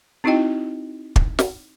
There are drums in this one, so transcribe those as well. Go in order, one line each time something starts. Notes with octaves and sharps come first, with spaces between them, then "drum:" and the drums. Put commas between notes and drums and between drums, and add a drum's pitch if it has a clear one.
C4 D#4 E4 F#4 D#5 G5
drum: kick
drum: snare